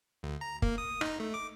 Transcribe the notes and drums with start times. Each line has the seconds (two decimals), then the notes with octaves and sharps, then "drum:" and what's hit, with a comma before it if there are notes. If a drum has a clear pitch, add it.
0.23 D2
0.41 A#5
0.62 A#3, drum: kick
0.78 D#6
1.01 D#4, drum: rim click
1.20 A3
1.34 D6